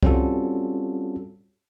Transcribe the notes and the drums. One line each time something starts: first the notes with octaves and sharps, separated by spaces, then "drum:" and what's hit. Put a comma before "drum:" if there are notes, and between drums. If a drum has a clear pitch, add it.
G3 C4 C#4 F4 F#4 A4, drum: kick C2